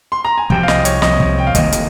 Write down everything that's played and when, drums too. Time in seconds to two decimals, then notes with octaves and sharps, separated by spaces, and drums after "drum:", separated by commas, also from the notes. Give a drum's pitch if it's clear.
0.12 C6
0.25 A#5
0.38 G#5
0.50 C2 C3 F3 G5, drum: kick
0.63 F5
0.68 D#5, drum: snare
0.85 C#5, drum: hi-hat
1.02 C2 C3 F3 D#5, drum: snare
1.20 drum: kick
1.38 G5
1.47 F5
1.55 F1 F2 D#3 A#3 D#5, drum: kick, hi-hat
1.72 drum: hi-hat